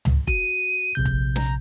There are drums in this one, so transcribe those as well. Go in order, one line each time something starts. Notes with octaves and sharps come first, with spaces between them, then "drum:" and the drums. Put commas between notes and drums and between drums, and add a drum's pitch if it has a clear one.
drum: tom C#2
F#4 D#7, drum: kick F1
A#1 C3 G6
drum: kick F1
A#5, drum: snare